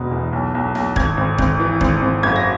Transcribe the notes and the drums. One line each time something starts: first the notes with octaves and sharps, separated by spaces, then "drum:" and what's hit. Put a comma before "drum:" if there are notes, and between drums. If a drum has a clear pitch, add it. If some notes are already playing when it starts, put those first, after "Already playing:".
Already playing: E1 B2
E2
B1
B1
B1, drum: snare
G#1 G#6, drum: kick E1
G#1
G#1, drum: kick E1
E3
G#1, drum: kick E1
G#1
F#1 G#6
A#6